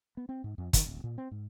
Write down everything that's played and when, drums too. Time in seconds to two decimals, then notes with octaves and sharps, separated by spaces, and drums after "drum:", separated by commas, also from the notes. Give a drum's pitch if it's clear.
0.17 B3
0.29 C4
0.44 G#2
0.58 F2
0.73 D#3, drum: kick, hi-hat
0.86 D1
1.04 A#2
1.18 C4
1.31 G#2